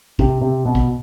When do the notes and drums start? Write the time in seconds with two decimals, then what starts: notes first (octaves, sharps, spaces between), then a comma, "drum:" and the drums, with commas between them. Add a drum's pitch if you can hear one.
0.19 C3, drum: kick A#1
0.42 C3
0.66 B2
0.75 drum: kick A#1